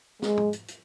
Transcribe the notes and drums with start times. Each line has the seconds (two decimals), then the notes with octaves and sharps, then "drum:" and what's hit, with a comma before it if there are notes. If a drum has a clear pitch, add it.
0.22 G#3, drum: snare
0.37 drum: tom
0.53 drum: hi-hat
0.68 drum: hi-hat